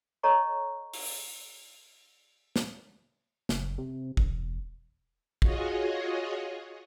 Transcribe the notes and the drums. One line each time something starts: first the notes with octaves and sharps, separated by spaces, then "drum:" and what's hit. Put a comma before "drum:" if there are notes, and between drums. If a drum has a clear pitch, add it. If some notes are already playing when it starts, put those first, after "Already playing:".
A4 C#5 D#5 A#5 C#6
drum: open hi-hat
drum: snare
F#1, drum: snare
C3
E1, drum: kick
F4 F#4 G#4 C#5 D#5, drum: kick